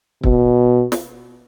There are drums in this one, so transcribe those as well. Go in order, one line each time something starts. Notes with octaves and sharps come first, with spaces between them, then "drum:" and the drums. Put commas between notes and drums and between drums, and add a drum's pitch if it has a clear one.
B2, drum: kick
drum: snare